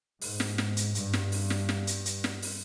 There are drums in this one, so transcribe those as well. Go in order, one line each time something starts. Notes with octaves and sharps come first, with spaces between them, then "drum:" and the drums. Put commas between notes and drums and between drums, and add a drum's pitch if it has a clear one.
G#2, drum: open hi-hat
drum: snare
drum: snare
drum: hi-hat
G2, drum: hi-hat
drum: snare
drum: open hi-hat
drum: snare
drum: snare
drum: hi-hat
drum: hi-hat
drum: snare
drum: open hi-hat